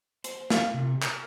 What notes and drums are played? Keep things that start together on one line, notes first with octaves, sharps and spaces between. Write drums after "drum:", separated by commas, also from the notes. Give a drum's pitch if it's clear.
C5, drum: hi-hat
F5, drum: snare
C3
A#4, drum: clap